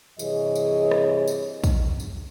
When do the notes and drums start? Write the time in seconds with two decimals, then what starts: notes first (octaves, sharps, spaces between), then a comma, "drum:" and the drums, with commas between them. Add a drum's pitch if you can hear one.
0.19 G2 C3 E3 G#4 C#5 D#5, drum: tambourine
0.55 drum: tambourine
0.91 drum: rim click
1.28 drum: tambourine
1.64 drum: kick, tambourine
2.00 drum: tambourine